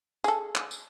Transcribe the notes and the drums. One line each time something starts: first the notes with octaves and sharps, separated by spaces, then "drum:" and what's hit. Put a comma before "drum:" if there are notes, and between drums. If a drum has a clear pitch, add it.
G#4 A4, drum: tambourine
drum: clap
drum: tambourine